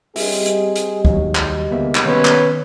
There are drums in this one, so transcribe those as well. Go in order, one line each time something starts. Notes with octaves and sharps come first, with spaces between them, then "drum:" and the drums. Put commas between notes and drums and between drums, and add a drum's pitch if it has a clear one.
G3 C4 G4 G#4 D#5 E5, drum: open hi-hat
drum: hi-hat
drum: hi-hat
D#2 G#2 F#3, drum: kick
drum: clap
D2 C3 G#3 A#3 B3 E5
drum: clap
D#3 B3 C#4 B4
drum: clap